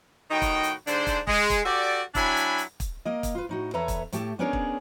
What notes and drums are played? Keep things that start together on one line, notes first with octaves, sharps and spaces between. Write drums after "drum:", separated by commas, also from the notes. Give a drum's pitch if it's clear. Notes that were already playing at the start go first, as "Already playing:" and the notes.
A2 D#3 D#4 F#4 G5
drum: kick, hi-hat
drum: hi-hat
G#2 D3 D4 C5, drum: hi-hat
drum: kick, hi-hat
G#3, drum: kick
drum: kick, hi-hat
F#4 G4 A4 D5
F#3 D4 E4 G5 G#5 B5, drum: kick, hi-hat
drum: hi-hat
drum: hi-hat
drum: kick, hi-hat
A#3 A#4 D#5
drum: kick, hi-hat
F4 B4
A2 D#4 F#4
E2 A4 B4 C#5 E5 A#5
drum: kick, hi-hat
A2 A3 G4 A5, drum: hi-hat
B3 C#4 D4 G#4 A#4 C#5
drum: kick